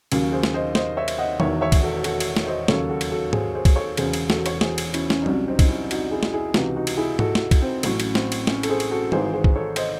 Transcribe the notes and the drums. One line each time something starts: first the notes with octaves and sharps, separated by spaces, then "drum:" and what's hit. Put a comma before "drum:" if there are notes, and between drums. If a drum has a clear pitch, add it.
D#2 C#3 F#3 C#4, drum: cymbal
G#4 C5
drum: snare
C5 D#5
C5 D#5, drum: snare
C#5 E5
drum: cymbal
D#5 F#5
E1 E2 D#3 C#5 E5, drum: tom
C#5 E5
drum: kick, cymbal
F#4 A4
F#4 A4, drum: cymbal
drum: cymbal
drum: snare
C5 D#5
D#2 C#3 F#3 A4 C#5, drum: snare
F#4 A4
drum: cymbal
F#4 A4
G#4 C5, drum: tom G#2
G#4 C5
drum: kick, cymbal
A4 C#5
E1 E2 C#3 G#4 C5, drum: cymbal
drum: cymbal
F#4 A4, drum: snare
A4 C#5, drum: cymbal
G#4 C5, drum: snare
drum: cymbal
C#4 E4, drum: cymbal
C#4, drum: snare
D#4
C2 C3 F#3 C#4, drum: tom F#3
C4 D#4
D#4, drum: kick, cymbal
C#4 E4
D#4 F#4, drum: cymbal
E4 G#4
drum: snare
E4 G#4
C#2 C3 E3 D#4 F#4, drum: snare
D#4 F#4
drum: cymbal
E4 G#4
F#4 A4, drum: tom G#2
drum: snare
drum: kick, cymbal
C4
A1 A2 F#3 C#4, drum: cymbal
drum: cymbal
C4, drum: snare
drum: cymbal
C#4, drum: snare
A4, drum: cymbal
G#4 C5
drum: cymbal
F#4 A4
G#1 G#2 E3 G#4 C5, drum: tom
G#4 C5
drum: kick
A4 C#5
C5 D#5, drum: cymbal